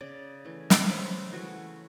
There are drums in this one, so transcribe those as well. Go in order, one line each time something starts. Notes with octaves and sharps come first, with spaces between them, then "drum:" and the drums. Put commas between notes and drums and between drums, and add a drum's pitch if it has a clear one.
C#3 D5
E3 A3
drum: snare
C#3 B4 C5
E3 A3 F#4